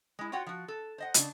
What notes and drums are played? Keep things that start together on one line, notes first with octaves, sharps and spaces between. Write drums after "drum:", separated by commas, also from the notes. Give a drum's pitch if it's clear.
G#3 E4
F4 F#4 C#5 F#5 G5
F3 F#4
A4
C5 D#5 F#5
C#3 D4, drum: hi-hat